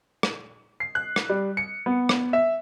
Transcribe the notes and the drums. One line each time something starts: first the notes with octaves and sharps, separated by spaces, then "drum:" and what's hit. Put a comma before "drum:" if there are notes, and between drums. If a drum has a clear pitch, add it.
drum: rim click
C7
F#6
drum: rim click
G3
C#7
B3
drum: rim click
E5